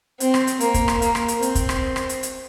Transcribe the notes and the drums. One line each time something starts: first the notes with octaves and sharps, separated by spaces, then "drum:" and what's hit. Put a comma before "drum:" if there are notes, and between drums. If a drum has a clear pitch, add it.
C4, drum: hi-hat
drum: rim click
drum: hi-hat
A#3, drum: hi-hat
drum: kick, hi-hat
drum: rim click
A#3, drum: hi-hat
drum: rim click
drum: hi-hat
C4, drum: hi-hat
drum: kick, hi-hat
drum: rim click
drum: rim click
drum: hi-hat
drum: hi-hat